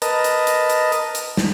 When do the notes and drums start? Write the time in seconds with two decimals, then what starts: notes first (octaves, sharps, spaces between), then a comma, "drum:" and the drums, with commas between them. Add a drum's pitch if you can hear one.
0.02 A#4 B4 D#5 A5, drum: hi-hat
0.24 drum: hi-hat
0.47 drum: hi-hat
0.70 drum: hi-hat
0.92 drum: hi-hat
1.15 drum: hi-hat
1.37 drum: snare